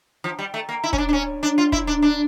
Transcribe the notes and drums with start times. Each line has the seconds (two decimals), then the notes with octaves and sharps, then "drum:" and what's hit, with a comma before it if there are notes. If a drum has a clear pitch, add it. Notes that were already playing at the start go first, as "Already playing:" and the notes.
0.24 F3
0.39 G3
0.54 A3
0.69 A#3
0.84 E4
0.93 C#4, drum: kick
0.98 D4
1.09 D4
1.13 C#4
1.43 D4
1.58 F4
1.72 E4, drum: kick
1.87 D4
2.03 D4